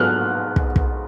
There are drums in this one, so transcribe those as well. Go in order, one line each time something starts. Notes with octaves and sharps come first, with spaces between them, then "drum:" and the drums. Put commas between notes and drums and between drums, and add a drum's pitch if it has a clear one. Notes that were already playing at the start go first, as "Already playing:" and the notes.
Already playing: G#2 F#3 B3 F6 F#6
drum: kick
drum: kick